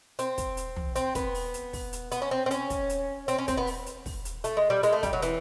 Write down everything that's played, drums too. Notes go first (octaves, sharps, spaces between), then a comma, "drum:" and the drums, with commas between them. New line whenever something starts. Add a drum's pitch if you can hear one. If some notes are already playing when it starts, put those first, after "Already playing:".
C4, drum: hi-hat
drum: kick, hi-hat
drum: hi-hat
drum: tom
C4, drum: hi-hat
B3, drum: kick, hi-hat
drum: open hi-hat
drum: hi-hat
drum: kick, open hi-hat
drum: hi-hat
B3, drum: hi-hat
C#4
C4
C4
C#4, drum: hi-hat
drum: kick, hi-hat
drum: hi-hat
C4, drum: hi-hat
C#4
C4, drum: kick, hi-hat
B3
drum: open hi-hat
drum: hi-hat
drum: kick, open hi-hat
drum: hi-hat
A3, drum: hi-hat
G#3
G3
G#3, drum: hi-hat
A3
G3, drum: kick, hi-hat
F#3
E3, drum: hi-hat